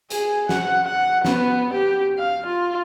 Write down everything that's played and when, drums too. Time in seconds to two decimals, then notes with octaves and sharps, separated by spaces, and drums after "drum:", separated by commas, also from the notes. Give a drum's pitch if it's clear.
0.10 G#4, drum: hi-hat
0.49 F#5, drum: snare
0.85 F#5
1.25 B3, drum: snare
1.74 G4
2.18 F5
2.46 F4